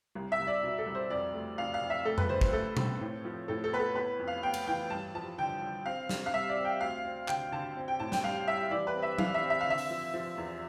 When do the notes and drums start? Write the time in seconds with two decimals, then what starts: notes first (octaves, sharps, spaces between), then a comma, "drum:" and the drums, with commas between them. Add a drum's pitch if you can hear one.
0.15 C2
0.32 E5
0.40 C2
0.47 D5
0.63 B2
0.78 A4
0.86 C2
0.95 C5
1.10 F2 D5
1.34 A3
1.58 F2 F5
1.74 F5
1.82 F2
1.90 E5
2.05 A3 A4
2.18 B4, drum: tom F2
2.29 D3 C5
2.41 C5, drum: kick
2.53 A3 A4
2.77 C4, drum: tom B2
3.01 A2
3.25 F3
3.48 A2 A4
3.64 A4
3.72 B3 B4
3.80 A4
3.95 B3 B4
4.19 F2
4.27 F5
4.43 B3 G5
4.54 drum: cymbal
4.67 E3 G5
4.90 G2 A5
5.14 F3 A5
5.38 D3 G5
5.62 D3
5.85 C4 F5
6.09 C3, drum: snare
6.26 F5
6.33 G3 E5
6.49 D5
6.57 C4
6.65 G5
6.81 D2 F5
7.04 C4
7.28 D3 G5, drum: clap
7.52 D3 A5
7.76 C4
7.88 G5
8.00 A2 A5
8.12 G5, drum: snare
8.24 G3 F5
8.47 G3 E5
8.71 E3 D5
8.87 B4
8.95 C4
9.02 E5
9.19 E3 F5, drum: tom F#3
9.34 E5
9.42 C4
9.50 E5
9.61 F5
9.67 D3 E5
9.78 drum: open hi-hat
9.90 F3
10.13 F3
10.37 E2